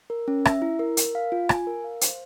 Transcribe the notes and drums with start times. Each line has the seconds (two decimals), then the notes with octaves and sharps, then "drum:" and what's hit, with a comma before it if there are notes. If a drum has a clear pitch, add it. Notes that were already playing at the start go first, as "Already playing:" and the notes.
0.10 A#4
0.28 C#4
0.45 E5, drum: rim click
0.62 E4
0.79 A#4
0.97 A#4, drum: hi-hat
1.15 F5
1.32 F4
1.49 G#5, drum: rim click
1.67 A#4
1.84 F5
2.01 C5, drum: hi-hat